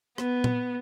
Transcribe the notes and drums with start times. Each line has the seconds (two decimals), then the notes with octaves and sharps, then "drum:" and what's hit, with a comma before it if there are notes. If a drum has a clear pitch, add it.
0.18 B3, drum: rim click
0.44 drum: tom A#2